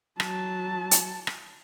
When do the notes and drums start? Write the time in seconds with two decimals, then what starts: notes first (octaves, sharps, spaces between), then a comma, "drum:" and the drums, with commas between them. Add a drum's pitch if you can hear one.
0.20 F#3 A5, drum: rim click
0.91 drum: hi-hat
1.27 drum: rim click